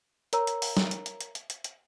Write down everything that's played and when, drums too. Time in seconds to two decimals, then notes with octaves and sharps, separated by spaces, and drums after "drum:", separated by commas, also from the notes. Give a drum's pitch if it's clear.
0.33 A#4 C#5 A#5 E6, drum: hi-hat
0.47 drum: hi-hat
0.62 drum: open hi-hat
0.77 drum: snare
0.91 drum: hi-hat
1.06 drum: hi-hat
1.21 drum: hi-hat
1.35 drum: hi-hat
1.50 drum: hi-hat
1.64 drum: hi-hat